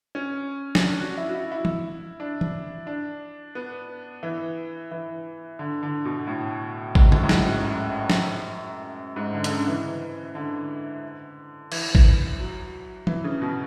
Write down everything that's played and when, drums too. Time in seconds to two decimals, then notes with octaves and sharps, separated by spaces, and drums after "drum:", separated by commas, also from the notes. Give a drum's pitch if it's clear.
0.15 C#4
0.75 C#4, drum: snare
0.83 D4
1.00 F#4
1.17 E4
1.29 F#4
1.34 E4
1.52 E4
1.65 drum: tom
2.20 D4
2.41 drum: tom
2.87 D4
3.55 B3
4.23 E3
4.91 E3
5.59 D3
5.83 D3
6.05 B2
6.27 A2
6.95 G#2, drum: kick
7.12 F#2, drum: tom
7.23 A2
7.29 G#2, drum: snare
7.46 F#2
7.63 F#2
8.10 drum: snare
9.16 G#2
9.33 D3
9.44 D3, drum: hi-hat
9.51 C#3
9.67 E3
10.35 D3
11.72 E3, drum: cymbal
11.95 drum: kick
12.40 F#3
13.07 E3, drum: tom
13.24 C#3
13.42 B2